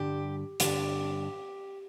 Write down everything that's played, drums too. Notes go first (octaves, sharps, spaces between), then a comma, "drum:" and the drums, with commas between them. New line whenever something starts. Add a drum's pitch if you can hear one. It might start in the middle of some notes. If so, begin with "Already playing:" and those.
Already playing: G2 D3 G3 D4 G4
G2 D3 G3 D4 G4, drum: hi-hat